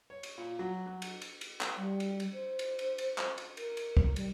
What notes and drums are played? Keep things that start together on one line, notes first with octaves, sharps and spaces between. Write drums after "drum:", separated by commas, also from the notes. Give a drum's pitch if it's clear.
C#5
drum: cymbal
A#2
F#3
F#3
drum: cymbal
drum: cymbal
drum: cymbal
drum: clap
G3
drum: cymbal
drum: cymbal
C5
drum: cymbal
drum: cymbal
drum: cymbal
drum: clap
drum: cymbal
A#4, drum: cymbal
drum: cymbal
drum: kick
G3, drum: cymbal